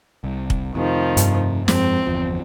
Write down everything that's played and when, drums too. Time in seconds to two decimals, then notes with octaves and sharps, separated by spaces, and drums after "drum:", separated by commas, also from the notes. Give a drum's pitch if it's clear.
0.24 C2
0.50 drum: kick
0.75 F2 C3 D#3 F3
1.17 G2, drum: hi-hat
1.68 F2 F3 G#3 C4, drum: snare
2.07 G1 E2 F3